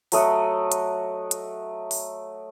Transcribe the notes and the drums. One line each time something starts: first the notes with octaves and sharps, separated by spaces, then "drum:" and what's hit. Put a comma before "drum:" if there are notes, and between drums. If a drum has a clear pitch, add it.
F#3 A3 D#5 F#5, drum: open hi-hat
drum: hi-hat
drum: hi-hat
drum: open hi-hat